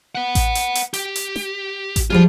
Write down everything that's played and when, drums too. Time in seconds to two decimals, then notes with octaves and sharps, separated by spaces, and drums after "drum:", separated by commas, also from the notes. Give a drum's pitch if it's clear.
0.15 B4 F#5
0.35 drum: kick A1, hi-hat
0.55 drum: hi-hat
0.75 drum: hi-hat
0.94 G4, drum: hi-hat
1.16 drum: hi-hat
1.36 drum: snare
1.96 drum: kick A1, hi-hat
2.10 F3 G3 F4 G#4